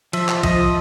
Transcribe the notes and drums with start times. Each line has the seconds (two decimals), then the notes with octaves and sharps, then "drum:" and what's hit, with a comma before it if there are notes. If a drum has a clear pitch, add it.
0.13 F3 E5, drum: cymbal
0.29 drum: clap
0.43 F3 D#5, drum: kick B1, cymbal